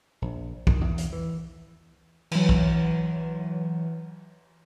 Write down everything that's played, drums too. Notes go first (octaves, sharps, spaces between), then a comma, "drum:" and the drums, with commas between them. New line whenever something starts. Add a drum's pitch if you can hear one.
A#1
D#3, drum: kick
E2
drum: hi-hat
E3
E3 F#3, drum: cymbal
drum: kick